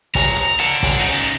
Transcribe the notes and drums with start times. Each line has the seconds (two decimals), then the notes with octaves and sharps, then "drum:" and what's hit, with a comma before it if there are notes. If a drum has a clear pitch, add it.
0.15 A#5, drum: kick, open hi-hat
0.36 drum: hi-hat
0.60 F#5 A5, drum: hi-hat
0.83 drum: kick, open hi-hat
1.00 C#3 D#4